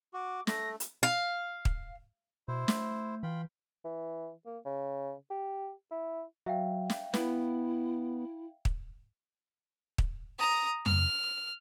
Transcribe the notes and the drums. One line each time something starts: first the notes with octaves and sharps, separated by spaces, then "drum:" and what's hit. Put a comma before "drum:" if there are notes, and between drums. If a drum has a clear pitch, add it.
F#4 D6
A3 A#6, drum: snare
drum: hi-hat
F5
drum: kick
B2 E4 C5
A3, drum: snare
E3 F4 G5 B5
E3
A#3
C#3
G4
E4
F#3 E5 F5 G5
drum: snare
B3 E4, drum: snare
drum: kick
drum: kick
A#5 D#6
F6, drum: tom F2